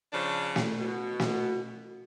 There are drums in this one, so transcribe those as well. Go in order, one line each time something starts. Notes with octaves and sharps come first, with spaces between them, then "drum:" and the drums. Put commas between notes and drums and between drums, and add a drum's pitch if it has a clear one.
C#3 F3 D4
drum: snare
B2 F#4
drum: snare